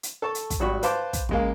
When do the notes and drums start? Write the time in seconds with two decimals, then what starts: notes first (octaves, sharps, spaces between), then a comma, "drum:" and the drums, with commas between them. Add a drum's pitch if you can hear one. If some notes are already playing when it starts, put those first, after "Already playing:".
0.03 drum: hi-hat
0.22 A4 A5 C#6
0.35 drum: hi-hat
0.50 drum: kick, hi-hat
0.60 G#1 G3 F#4 B5 C#6
0.83 B4 C5 F5 A5 C6 D6, drum: hi-hat
1.13 drum: kick, hi-hat
1.29 C#3 G#3 A#3, drum: kick